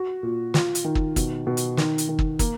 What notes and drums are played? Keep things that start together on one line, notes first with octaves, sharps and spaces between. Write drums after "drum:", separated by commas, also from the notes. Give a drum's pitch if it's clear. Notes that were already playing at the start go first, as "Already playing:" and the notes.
Already playing: F#4
A#2
F4, drum: snare
drum: hi-hat
D#3
drum: kick
B2, drum: kick, hi-hat
B2
drum: hi-hat
D#3, drum: snare
drum: hi-hat
D#3
drum: kick
A#3, drum: kick, hi-hat